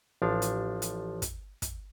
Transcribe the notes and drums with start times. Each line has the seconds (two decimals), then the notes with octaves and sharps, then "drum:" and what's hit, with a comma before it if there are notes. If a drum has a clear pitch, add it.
0.22 A1 F3 D4 F5
0.42 drum: hi-hat
0.82 drum: hi-hat
1.22 drum: kick, hi-hat
1.62 drum: kick, hi-hat